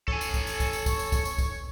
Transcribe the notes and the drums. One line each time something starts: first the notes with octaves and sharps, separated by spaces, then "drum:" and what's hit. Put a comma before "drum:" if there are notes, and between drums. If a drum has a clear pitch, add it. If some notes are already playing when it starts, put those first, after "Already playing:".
G#1 A4 C#5 G#5, drum: kick
drum: tambourine
drum: kick, tambourine
drum: tambourine
drum: kick, tambourine
drum: tambourine
drum: kick, tambourine
drum: tambourine
drum: kick, tambourine
drum: tambourine
drum: kick, tambourine